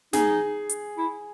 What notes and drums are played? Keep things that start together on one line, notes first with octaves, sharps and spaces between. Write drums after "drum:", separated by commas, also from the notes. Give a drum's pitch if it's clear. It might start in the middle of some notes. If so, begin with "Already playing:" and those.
D#4 G#4, drum: snare
drum: hi-hat
E4